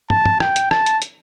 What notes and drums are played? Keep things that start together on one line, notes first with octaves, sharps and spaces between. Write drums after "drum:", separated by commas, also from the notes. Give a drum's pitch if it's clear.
A5, drum: tom
drum: tom
G5, drum: rim click
drum: hi-hat
A5, drum: rim click
drum: hi-hat
drum: hi-hat